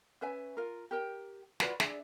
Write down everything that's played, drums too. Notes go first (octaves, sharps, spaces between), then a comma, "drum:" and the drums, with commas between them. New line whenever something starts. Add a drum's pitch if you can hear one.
C#4 B4 E5 G#5
F4 A#4
G4 A#4 G5
F4 F#4 B4 D5, drum: snare
D4 G#4 D5 E5, drum: snare